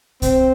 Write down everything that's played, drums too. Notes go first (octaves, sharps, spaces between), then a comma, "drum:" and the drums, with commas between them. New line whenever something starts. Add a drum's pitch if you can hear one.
C4, drum: kick C2, hi-hat